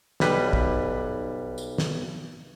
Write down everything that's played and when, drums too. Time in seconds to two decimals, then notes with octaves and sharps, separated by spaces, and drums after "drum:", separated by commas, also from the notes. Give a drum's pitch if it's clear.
0.20 B1 G3 B4, drum: snare
0.53 drum: kick
1.58 drum: tambourine
1.78 drum: snare